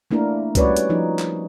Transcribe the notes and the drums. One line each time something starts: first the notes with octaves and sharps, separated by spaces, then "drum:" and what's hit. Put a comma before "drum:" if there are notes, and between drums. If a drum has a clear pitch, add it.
A3 A#3 D4 E4 A#4
G3 C#4 F#4 B4 C#5 D5, drum: kick, hi-hat
drum: hi-hat
F3 D#4
drum: clap